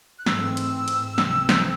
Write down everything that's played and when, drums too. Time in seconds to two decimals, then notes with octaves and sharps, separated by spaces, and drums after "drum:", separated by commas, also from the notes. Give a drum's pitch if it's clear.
0.19 F#6
0.26 G#2 E3 A3 C4 E6, drum: snare
0.57 drum: cymbal
0.88 drum: cymbal
1.18 C#2 C3 E3 C4, drum: snare
1.49 drum: snare